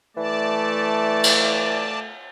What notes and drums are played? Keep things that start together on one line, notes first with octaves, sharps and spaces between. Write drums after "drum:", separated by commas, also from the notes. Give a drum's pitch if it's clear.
E3 A3 D5 A5
drum: cymbal